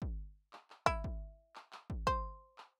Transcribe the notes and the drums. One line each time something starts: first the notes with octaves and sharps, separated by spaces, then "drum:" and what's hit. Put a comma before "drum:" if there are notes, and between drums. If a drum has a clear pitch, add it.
drum: kick
drum: clap
drum: clap
E4, drum: kick
drum: kick
drum: clap
drum: clap
drum: kick
C5, drum: kick
drum: clap